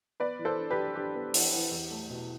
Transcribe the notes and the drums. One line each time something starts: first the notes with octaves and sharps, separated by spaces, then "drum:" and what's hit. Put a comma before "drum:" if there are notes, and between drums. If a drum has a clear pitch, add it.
B3 B4 D5
E3
A4 C5
D4
G4 B4
D4
D4 G4
B3
E3, drum: open hi-hat
E3
E2
A3
B2